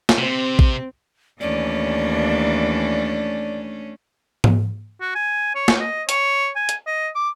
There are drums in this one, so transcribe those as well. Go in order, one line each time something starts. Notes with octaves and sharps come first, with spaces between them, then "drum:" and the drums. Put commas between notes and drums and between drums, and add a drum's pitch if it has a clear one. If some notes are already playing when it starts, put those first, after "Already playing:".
drum: snare
C3 C4
drum: kick A1
D#2 E3 A3 C#4 D4 D5
drum: tom G#2
F#4
G#5
C#5
drum: snare
D#5
C#5, drum: hi-hat
G#5
drum: hi-hat
D#5
D6